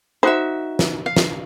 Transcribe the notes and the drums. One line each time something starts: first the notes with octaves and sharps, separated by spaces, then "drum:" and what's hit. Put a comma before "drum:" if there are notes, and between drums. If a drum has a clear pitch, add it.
D#4 F#4 C5 E5
drum: snare
F5
drum: snare